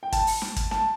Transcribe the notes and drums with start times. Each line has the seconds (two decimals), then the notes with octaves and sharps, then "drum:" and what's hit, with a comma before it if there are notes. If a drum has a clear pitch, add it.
0.03 G5
0.12 A5, drum: kick, hi-hat
0.27 drum: open hi-hat
0.42 drum: snare
0.56 drum: kick, hi-hat
0.71 A5, drum: snare